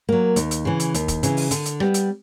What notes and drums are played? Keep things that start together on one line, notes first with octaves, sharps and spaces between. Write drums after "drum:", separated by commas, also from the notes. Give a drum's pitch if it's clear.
F#3 A#3
D#2, drum: hi-hat
drum: hi-hat
C#3 E3
drum: hi-hat
D#2, drum: hi-hat
drum: kick, hi-hat
C#3 E3, drum: hi-hat
drum: open hi-hat
D3, drum: hi-hat
drum: hi-hat
G3 B3, drum: rim click
drum: hi-hat